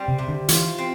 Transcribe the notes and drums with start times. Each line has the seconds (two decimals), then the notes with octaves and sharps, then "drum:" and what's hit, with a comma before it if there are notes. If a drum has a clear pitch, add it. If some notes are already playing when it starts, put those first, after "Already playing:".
Already playing: G3 C4
0.08 C3
0.19 C3
0.28 D3
0.49 E3 F4, drum: hi-hat
0.78 C4